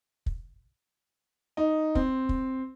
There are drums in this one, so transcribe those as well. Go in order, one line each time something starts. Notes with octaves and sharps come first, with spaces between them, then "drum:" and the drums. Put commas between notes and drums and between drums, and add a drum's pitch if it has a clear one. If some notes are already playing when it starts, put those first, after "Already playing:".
drum: kick
D#4
C4, drum: kick
drum: kick